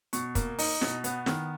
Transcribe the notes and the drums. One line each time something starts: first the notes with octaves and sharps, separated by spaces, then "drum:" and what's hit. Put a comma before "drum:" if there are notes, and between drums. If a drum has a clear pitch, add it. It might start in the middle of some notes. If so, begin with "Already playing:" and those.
B2 C#6, drum: hi-hat
A#3, drum: kick, hi-hat
D#4, drum: open hi-hat
B2, drum: snare
B3, drum: hi-hat
D#3, drum: snare